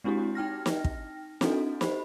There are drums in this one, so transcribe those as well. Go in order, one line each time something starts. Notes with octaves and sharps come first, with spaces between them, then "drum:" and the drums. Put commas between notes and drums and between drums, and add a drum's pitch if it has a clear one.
G#3 C4 D4 E4 F#4 G4
D#4 G5 F6 A#6
drum: snare
drum: kick
C4 D4 E4 F#4 A4, drum: snare
G4 C5 B5, drum: snare